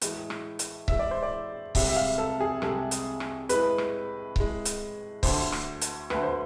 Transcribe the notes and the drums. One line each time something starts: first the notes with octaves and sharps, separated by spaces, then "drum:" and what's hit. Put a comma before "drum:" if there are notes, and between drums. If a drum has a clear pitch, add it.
A2 E3 G#3, drum: hi-hat
drum: rim click
drum: hi-hat
A2 E3 G#3 E5, drum: kick C#1
D5
C5
D5
C2 C3 G#3 E5, drum: kick C#1, open hi-hat
E5
F5
A4
G#4
C2 C3 G#3 A4, drum: rim click
drum: hi-hat
drum: rim click
A2 G#3 B4, drum: hi-hat
drum: rim click
A2 G#3, drum: kick C#1
drum: hi-hat
D2 D3 A3 C5, drum: kick C#1, open hi-hat
drum: rim click
drum: hi-hat
D2 D3 A3 B4, drum: rim click
C5